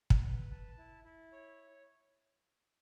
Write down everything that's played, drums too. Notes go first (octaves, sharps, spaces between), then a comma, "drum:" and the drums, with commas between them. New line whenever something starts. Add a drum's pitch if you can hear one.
drum: kick
B4
A5
E4
E4
C#5